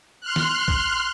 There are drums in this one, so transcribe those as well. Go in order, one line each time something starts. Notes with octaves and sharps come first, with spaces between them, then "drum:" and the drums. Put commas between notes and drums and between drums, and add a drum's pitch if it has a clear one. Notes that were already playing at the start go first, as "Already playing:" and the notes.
C6 F6 F#6
drum: snare
drum: kick A#1